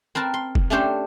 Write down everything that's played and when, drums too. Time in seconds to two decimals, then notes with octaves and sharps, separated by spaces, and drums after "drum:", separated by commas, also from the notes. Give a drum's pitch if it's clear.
0.15 C4 A#4 B4 A5
0.34 C6
0.55 drum: kick F1
0.70 A3 C#4 D4 G4 C5